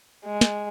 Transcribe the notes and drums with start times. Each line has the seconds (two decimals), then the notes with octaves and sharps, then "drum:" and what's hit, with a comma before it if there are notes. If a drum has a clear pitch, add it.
0.25 G#3
0.41 drum: snare